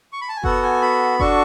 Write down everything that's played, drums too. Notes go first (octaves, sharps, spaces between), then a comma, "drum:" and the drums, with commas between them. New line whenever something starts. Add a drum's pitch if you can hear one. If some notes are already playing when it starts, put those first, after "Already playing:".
C#6
B5
A5
G#5
B3 F#4 A4 F#5, drum: kick F#1
G#5
B5
D4 F#4 A4 C#6, drum: kick F#1